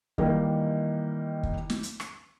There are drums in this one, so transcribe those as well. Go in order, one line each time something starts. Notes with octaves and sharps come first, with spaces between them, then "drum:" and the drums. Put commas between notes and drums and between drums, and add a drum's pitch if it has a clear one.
D#3 E3 G3 A#3 D#4, drum: kick
drum: kick
drum: snare
drum: hi-hat
drum: rim click